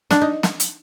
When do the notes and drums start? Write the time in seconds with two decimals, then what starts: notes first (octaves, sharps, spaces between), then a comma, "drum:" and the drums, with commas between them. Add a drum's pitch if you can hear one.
0.11 D4, drum: snare
0.21 D#4
0.43 drum: snare
0.60 drum: hi-hat